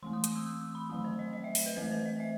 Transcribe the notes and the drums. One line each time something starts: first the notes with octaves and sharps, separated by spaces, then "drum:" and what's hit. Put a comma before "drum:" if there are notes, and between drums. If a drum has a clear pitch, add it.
E3 A3 C4 C6
D#6
D#6, drum: hi-hat
E6
D#6
D#6
B5
D#3 F#3 A3 C4
C5
D#5
D#5
E5
D#5, drum: open hi-hat
B4
E3 A3 C4 C5
C5
D#5
E5